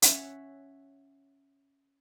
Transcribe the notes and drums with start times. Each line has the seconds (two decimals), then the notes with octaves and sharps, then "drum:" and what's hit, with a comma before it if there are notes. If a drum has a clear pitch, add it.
0.02 C#4 C#5 E5 F#5, drum: hi-hat